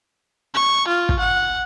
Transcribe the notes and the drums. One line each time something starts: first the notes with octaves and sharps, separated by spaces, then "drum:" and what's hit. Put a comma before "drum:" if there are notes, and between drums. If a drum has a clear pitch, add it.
C#6
F4
drum: kick
F#5